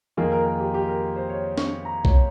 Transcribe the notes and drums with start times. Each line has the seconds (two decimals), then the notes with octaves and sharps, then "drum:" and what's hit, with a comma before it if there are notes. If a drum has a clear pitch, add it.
0.17 F2 D#3 A#3 F4 G#4
0.32 A#4
0.45 A#4
0.60 G4
0.74 G4
0.88 A#4
1.16 C5
1.29 C#5
1.58 C#6, drum: snare C#4
1.85 A#5
2.05 C#5, drum: kick B1